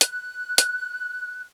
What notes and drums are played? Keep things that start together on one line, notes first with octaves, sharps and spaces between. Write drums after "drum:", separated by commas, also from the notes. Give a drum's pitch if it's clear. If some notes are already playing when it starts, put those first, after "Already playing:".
F#6, drum: hi-hat
drum: hi-hat